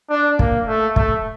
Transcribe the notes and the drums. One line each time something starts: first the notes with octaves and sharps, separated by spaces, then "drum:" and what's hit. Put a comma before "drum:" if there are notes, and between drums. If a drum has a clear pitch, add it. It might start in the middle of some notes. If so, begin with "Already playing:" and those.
D4
A#3, drum: kick
A3
A3, drum: kick